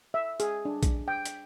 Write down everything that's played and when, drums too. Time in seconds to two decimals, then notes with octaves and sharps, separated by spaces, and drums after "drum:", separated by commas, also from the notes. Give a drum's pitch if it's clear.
0.14 E5
0.40 G#4, drum: hi-hat
0.65 D4
0.83 drum: kick A#1, hi-hat
1.08 G5
1.25 drum: hi-hat